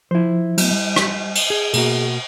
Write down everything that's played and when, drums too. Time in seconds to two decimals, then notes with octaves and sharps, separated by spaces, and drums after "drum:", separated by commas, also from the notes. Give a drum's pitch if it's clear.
0.11 F3 E4 C5
0.58 F#3 A3 B3, drum: cymbal
0.71 G3
0.96 drum: rim click
1.35 drum: cymbal
1.50 G#4
1.73 B2 A#3 F#4 G#4, drum: cymbal